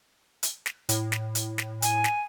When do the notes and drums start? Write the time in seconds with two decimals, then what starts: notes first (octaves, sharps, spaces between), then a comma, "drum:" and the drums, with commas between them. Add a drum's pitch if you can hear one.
0.43 drum: hi-hat
0.66 drum: snare
0.89 A2, drum: hi-hat
1.12 drum: snare
1.35 drum: hi-hat
1.58 drum: snare
1.82 G#5, drum: hi-hat
2.04 drum: snare